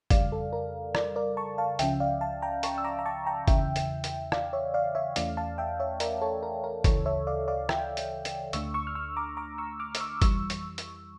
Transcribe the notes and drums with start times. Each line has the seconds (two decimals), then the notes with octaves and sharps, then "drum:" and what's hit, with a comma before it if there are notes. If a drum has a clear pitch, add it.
0.10 F2 C#3 G3 D5 F5, drum: kick, hi-hat
0.32 A4
0.53 A#4
0.95 A#4 D5, drum: rim click
1.16 A#4 D5
1.37 A5 C#6
1.58 F5 A5
1.79 C#2 C#3 F3 C#4 E5 G5, drum: hi-hat
2.00 D5 F5
2.21 F5 A5
2.42 G5 A#5
2.63 A5 C#6, drum: hi-hat
2.78 E6
2.84 A#5 D6
2.99 A#5
3.06 A5 C#6
3.27 G5 A#5
3.48 E2 C#3 E3 E5 G5, drum: kick, hi-hat
3.76 drum: hi-hat
4.04 drum: hi-hat
4.32 D5 F5, drum: rim click
4.53 C#5 E5
4.74 D5 F5
4.95 C#5 E5
5.16 E2 E3 A3 C#4 D5 F5, drum: hi-hat
5.37 F5 A5
5.58 E5 G5
5.80 C#5 E5
6.00 A#4 D5, drum: hi-hat
6.21 A4 C#5
6.43 A#4
6.64 A#4
6.84 D2 C#3 E3 A4 C#5, drum: kick, hi-hat
7.06 C#5 E5
7.27 D5 F5
7.48 D5 F5
7.69 E5 G5, drum: rim click
7.97 drum: hi-hat
8.25 drum: hi-hat
8.53 D2 D3 A3 D4 C#6 E6, drum: hi-hat
8.74 C#6 E6
8.87 F6
8.95 C#6 E6
9.16 A#5 D6
9.37 A#5 D6
9.58 C#6 E6
9.80 D6 F6
9.95 D6, drum: hi-hat
10.01 C#6 E6
10.22 F2 E3 G3 C#6 E6, drum: kick, hi-hat
10.50 drum: hi-hat
10.78 drum: hi-hat